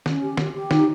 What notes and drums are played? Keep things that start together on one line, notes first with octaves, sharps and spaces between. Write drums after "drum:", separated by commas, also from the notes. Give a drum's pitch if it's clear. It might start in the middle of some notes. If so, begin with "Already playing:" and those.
C#4, drum: snare
G4
G4, drum: snare
G4
D#4, drum: snare